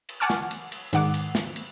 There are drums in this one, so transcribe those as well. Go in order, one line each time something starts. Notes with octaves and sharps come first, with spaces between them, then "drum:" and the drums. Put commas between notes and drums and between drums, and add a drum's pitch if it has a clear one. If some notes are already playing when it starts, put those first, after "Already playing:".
drum: cymbal
F#5 G#5 A5 C#6 D6 F6
drum: snare
drum: cymbal
drum: cymbal
G#2 D#3 F#5 D6, drum: cymbal
drum: cymbal
drum: snare
drum: cymbal